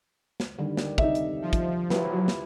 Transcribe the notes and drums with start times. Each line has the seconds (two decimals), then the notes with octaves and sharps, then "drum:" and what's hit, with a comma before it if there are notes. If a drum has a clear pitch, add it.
0.40 drum: snare
0.58 D3 D#3 G3
0.77 drum: snare
0.98 C3 D#4 E5, drum: kick
1.15 drum: hi-hat
1.42 F3
1.53 drum: kick, hi-hat
1.90 F#3 E4 G4 B4, drum: snare
2.28 drum: snare